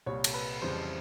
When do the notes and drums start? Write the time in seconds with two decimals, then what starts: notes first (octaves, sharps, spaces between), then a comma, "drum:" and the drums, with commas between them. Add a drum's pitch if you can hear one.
0.06 C2 A#2 G3 C#5
0.24 drum: cymbal
0.34 B4
0.62 F2 C#3 E3 G3 C5